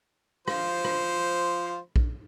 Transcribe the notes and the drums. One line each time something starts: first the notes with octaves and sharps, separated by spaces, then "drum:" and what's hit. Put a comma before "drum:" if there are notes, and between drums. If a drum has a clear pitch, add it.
F3 F4 C5, drum: rim click
drum: rim click
drum: kick A#1